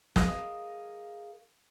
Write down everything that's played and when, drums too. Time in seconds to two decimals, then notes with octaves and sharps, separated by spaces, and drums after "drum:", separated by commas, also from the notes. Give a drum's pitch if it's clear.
0.16 G#4 A#4 D#5 F5, drum: snare